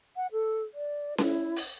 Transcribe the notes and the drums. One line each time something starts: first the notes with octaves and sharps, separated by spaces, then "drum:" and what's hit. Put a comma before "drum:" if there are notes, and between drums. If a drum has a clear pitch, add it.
F#5
A4
D5
E4, drum: snare C#4
drum: open hi-hat